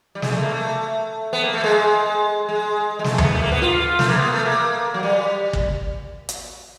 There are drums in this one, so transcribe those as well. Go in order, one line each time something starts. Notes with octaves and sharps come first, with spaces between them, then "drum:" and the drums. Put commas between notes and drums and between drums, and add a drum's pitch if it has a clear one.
G3
G#3, drum: snare
A3
A#3
A3
B3
A#3
A3
G#3
G#3
G#3
A3, drum: snare
B3, drum: tom D2
A3
A#3
B3
F4
A3, drum: snare
A#3
B3
A3
A#3
F#3
G3
drum: kick
drum: hi-hat